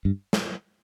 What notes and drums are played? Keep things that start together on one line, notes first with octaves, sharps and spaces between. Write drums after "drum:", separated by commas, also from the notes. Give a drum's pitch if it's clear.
G2
drum: snare